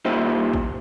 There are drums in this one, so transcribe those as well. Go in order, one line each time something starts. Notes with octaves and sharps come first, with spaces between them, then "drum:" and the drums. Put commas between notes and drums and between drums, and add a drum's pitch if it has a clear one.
A#3 D#4 F4 G4 C5 E5
drum: kick